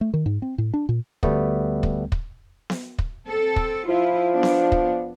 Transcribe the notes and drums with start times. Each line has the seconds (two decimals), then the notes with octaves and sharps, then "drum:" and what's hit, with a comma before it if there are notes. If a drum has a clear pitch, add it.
0.01 A3
0.14 D#3
0.26 G#2
0.42 C4
0.58 A2
0.74 D4
0.89 A#2
1.23 D2 G3 A3 B3, drum: kick
1.83 drum: kick
2.12 drum: kick
2.70 drum: snare B3
2.99 drum: kick
3.27 C4 A4
3.56 drum: kick
3.89 F3 E4 F4
4.32 B3 D4
4.43 drum: snare B3
4.72 drum: kick